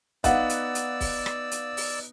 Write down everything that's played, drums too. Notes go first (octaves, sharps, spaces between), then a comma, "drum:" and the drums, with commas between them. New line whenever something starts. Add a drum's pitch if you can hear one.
B3 D#4 D5 F5 F#5 E6, drum: kick, hi-hat
drum: hi-hat
drum: hi-hat
drum: kick, open hi-hat
drum: rim click
drum: hi-hat
drum: open hi-hat